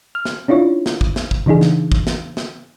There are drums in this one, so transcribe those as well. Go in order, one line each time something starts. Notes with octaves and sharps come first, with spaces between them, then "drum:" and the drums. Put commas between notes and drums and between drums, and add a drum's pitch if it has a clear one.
F6
drum: snare
C#4 D4 E4 F4 C#5
drum: snare
drum: kick
drum: snare
drum: kick
C#3 E3 D4 D#4 G#4
drum: snare
drum: kick
drum: snare
drum: snare